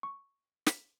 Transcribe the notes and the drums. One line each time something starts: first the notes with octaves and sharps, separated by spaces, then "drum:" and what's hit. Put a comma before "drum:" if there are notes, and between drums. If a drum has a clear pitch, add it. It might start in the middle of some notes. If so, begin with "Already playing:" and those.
C#6
B6, drum: snare